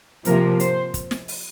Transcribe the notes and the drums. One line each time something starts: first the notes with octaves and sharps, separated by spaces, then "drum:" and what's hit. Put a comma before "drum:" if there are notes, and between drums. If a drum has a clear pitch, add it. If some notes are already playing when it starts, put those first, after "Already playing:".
C3 F3 A#3 A#4, drum: hi-hat
C5, drum: hi-hat
drum: kick, hi-hat
drum: snare
drum: open hi-hat